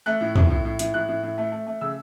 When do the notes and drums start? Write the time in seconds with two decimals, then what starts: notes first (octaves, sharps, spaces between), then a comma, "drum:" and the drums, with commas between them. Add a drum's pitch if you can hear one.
0.06 A3 F#6
0.21 A2
0.35 A2, drum: tom
0.50 A2
0.65 A2
0.79 A2, drum: hi-hat
0.94 A2 F#6
1.08 A2
1.23 A2
1.38 A3
1.52 A3
1.67 A3
1.81 C#3 E6